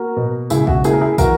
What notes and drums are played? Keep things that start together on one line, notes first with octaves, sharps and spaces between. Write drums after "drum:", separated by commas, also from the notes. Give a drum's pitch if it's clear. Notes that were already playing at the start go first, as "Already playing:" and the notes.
Already playing: A#3 F#4 A#4
B2
C#2 E4 G#4, drum: tambourine
F#4, drum: kick
A#3 E4 G#4, drum: tambourine
A#4
E4 G#4
E3 F#4 A#4, drum: kick, tambourine